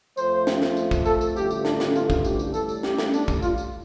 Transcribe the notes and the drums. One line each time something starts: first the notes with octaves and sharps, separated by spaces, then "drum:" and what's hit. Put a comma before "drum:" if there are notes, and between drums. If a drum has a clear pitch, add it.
F2 F3 A3 C5, drum: tambourine
drum: snare
drum: snare
drum: tambourine
drum: kick, tambourine
A4, drum: tambourine
drum: tambourine
A1 G2 D3 F3 A3 G4, drum: tambourine
drum: tambourine
D4, drum: snare
drum: snare
F4, drum: tambourine
drum: kick, tambourine
G4, drum: tambourine
drum: tambourine
A1 A2 G3 A4, drum: tambourine
drum: tambourine
G4, drum: snare
drum: snare
D4, drum: tambourine
drum: kick, tambourine
F4, drum: tambourine
drum: tambourine